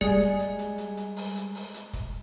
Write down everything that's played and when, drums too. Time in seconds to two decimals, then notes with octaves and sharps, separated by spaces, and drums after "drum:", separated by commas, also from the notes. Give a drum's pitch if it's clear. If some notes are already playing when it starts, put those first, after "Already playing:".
0.01 G3 G#3 G#4 D5 G#5 C#7, drum: kick, hi-hat
0.20 drum: hi-hat
0.40 drum: hi-hat
0.59 drum: hi-hat
0.78 drum: hi-hat
0.97 drum: hi-hat
1.16 drum: open hi-hat
1.36 drum: hi-hat
1.55 drum: open hi-hat
1.74 drum: hi-hat
1.93 drum: kick, hi-hat